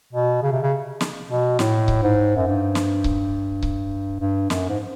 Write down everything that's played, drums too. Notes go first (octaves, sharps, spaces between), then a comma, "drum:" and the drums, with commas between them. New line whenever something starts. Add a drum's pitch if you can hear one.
B2
C#3
C3
C#3
drum: snare
B2
A2, drum: snare
drum: kick C#1
G#2
F#2
G2
drum: snare
drum: kick C#1
drum: kick C#1
G2
F#2, drum: snare
G#2